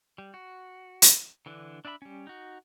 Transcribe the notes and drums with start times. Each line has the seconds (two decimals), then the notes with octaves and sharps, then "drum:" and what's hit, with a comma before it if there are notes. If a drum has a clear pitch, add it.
0.18 G3
0.34 F#4
1.02 drum: hi-hat
1.46 D3 E3 D4
1.85 D4 D5 E5 A5 B5
2.02 G3 C#4
2.27 D#4 F#4